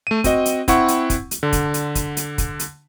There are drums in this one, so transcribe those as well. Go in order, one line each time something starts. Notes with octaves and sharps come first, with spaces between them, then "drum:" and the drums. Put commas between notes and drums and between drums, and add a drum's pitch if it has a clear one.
A3 D#7
C4 F#4 D#5, drum: kick, hi-hat
drum: hi-hat
C4 E4 F#5 C#6, drum: kick, hi-hat
drum: hi-hat
drum: kick, hi-hat
drum: hi-hat
D3
drum: kick, hi-hat
drum: hi-hat
drum: kick, hi-hat
drum: hi-hat
drum: kick, hi-hat
drum: hi-hat